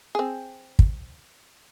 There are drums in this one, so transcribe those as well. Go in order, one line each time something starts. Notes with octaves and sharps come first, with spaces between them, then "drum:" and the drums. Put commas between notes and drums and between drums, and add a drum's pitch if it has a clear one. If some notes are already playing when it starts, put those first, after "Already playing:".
C4 G#4
drum: kick